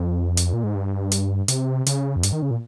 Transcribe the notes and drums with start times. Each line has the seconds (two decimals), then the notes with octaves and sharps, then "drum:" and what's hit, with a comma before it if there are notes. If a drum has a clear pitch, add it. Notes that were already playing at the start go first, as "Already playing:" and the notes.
Already playing: F2
0.37 drum: hi-hat
0.53 A#2
0.64 G#2
0.75 G2
1.12 drum: hi-hat
1.48 C3, drum: hi-hat
1.86 C#3, drum: hi-hat
2.16 F2
2.23 G2, drum: hi-hat
2.32 D#3
2.42 C#3
2.51 A#2